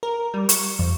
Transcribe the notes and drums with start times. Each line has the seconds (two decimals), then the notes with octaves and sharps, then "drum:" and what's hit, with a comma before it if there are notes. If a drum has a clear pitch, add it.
0.03 A#4
0.34 G3
0.49 C#6, drum: hi-hat
0.79 F2